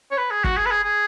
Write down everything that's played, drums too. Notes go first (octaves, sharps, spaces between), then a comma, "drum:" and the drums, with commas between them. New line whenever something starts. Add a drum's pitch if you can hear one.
C#5
B4
G#4
F#4, drum: kick
G#4
B4
G#4
G#4